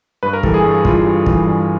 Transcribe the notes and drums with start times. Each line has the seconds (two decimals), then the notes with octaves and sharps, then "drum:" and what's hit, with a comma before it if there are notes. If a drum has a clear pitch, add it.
0.23 G2 B4
0.33 A#4
0.43 E3 G3 A4, drum: kick
0.54 G#4
0.64 G2
0.85 E3 G3 F4, drum: kick
1.06 G2
1.26 E3 G3, drum: kick
1.47 G2